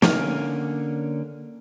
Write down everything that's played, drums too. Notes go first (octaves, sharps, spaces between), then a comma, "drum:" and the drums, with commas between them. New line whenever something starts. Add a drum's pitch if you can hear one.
D3 A#3 C#4 G#5 F6, drum: snare